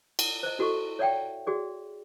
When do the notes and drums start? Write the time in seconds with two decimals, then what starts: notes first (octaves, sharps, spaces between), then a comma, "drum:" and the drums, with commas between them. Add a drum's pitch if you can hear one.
0.19 F#5, drum: cymbal
0.43 C5 D#5
0.59 E4 F#4 A4 D#5 C#6
0.99 C#5 D5 E5 F#5 G5
1.47 F#4 G#4 D5